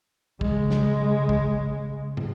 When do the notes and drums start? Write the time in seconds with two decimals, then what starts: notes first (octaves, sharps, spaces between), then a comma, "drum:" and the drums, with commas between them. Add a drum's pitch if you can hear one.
0.41 C#3 G#3, drum: kick
0.70 drum: snare
1.29 drum: kick
2.17 drum: tom